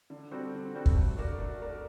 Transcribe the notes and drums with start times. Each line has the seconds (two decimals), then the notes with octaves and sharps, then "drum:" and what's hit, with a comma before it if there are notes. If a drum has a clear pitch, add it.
0.10 D3
0.31 G3 C4 F#4 A4
0.53 D3
0.74 G3 C4 F#4 A4
0.86 drum: kick
0.96 A3
1.17 D4 F#4 A#4 D5
1.39 A3
1.60 D4 F#4 A#4 D5